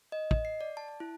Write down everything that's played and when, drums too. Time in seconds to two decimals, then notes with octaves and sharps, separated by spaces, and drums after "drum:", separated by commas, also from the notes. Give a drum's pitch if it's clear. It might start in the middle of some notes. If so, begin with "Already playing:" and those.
0.12 D#5
0.31 D#5, drum: kick
0.45 C7
0.61 D5
0.77 A5
0.88 A5
1.00 E4